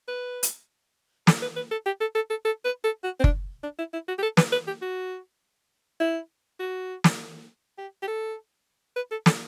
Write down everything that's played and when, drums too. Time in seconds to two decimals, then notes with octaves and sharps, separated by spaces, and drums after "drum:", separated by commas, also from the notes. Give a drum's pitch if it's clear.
0.08 B4
0.43 drum: hi-hat
1.27 A4, drum: snare
1.42 B4
1.56 B4
1.71 A4
1.86 G4
2.01 A4
2.15 A4
2.30 A4
2.45 A4
2.65 B4
2.84 A4
3.04 F#4
3.20 C4
3.24 D4, drum: kick F#1
3.63 D4
3.79 E4
3.93 E4
4.08 F#4
4.18 G4
4.23 A4
4.37 B4, drum: snare
4.52 B4
4.67 G4
4.82 F#4
6.00 E4
6.60 F#4
7.04 drum: snare
7.78 G4
8.03 G4
8.08 A4
8.96 B4
9.11 A4
9.26 A4, drum: snare